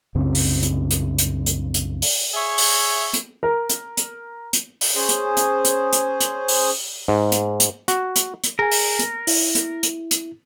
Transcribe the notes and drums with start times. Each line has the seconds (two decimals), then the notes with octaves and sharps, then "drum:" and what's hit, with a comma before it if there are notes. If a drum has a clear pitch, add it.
0.15 C2 F#2 C#3 C4
0.35 drum: open hi-hat
0.63 drum: hi-hat
0.91 drum: hi-hat
1.18 drum: hi-hat
1.46 drum: hi-hat
1.74 drum: hi-hat
2.02 drum: open hi-hat
2.34 G#4 C#5 E5
2.58 drum: open hi-hat
3.14 drum: hi-hat
3.43 A#4
3.69 drum: hi-hat
3.97 drum: hi-hat
4.53 drum: hi-hat
4.81 drum: open hi-hat
4.96 C#4 G#4 C5
5.09 drum: hi-hat
5.37 drum: hi-hat
5.65 drum: hi-hat
5.93 drum: hi-hat
6.20 drum: hi-hat
6.48 drum: open hi-hat
7.08 G#2
7.32 drum: hi-hat
7.60 drum: hi-hat
7.88 F#4, drum: hi-hat
8.16 drum: hi-hat
8.44 drum: hi-hat
8.59 G#4 A#4 G#5
8.71 drum: open hi-hat
8.99 drum: hi-hat
9.27 E4, drum: open hi-hat
9.55 drum: hi-hat
9.83 drum: hi-hat
10.11 drum: hi-hat